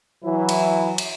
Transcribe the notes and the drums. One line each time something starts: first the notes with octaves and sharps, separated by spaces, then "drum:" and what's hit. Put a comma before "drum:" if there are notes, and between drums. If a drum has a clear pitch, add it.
E3 F#3 E4
drum: cymbal
drum: cymbal